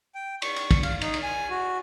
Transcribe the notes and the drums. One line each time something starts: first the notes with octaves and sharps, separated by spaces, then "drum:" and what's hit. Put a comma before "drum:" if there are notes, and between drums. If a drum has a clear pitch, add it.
G5
C#6, drum: cymbal
drum: cymbal
drum: kick, cymbal
F5, drum: cymbal
D#4, drum: cymbal
drum: cymbal
G#5
F#4